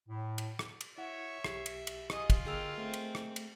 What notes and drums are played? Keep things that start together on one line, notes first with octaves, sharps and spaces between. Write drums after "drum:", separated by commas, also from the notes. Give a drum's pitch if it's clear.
A2
drum: cymbal
drum: rim click
drum: cymbal
E4 C#5 E5 F#5
B1 G4 C7, drum: rim click
drum: cymbal
drum: cymbal
F4 G#4 D#5, drum: rim click
drum: kick, cymbal
D3 A#3 G4 G#4 D#5 E6 F6
A3 C4
drum: cymbal
drum: rim click
drum: cymbal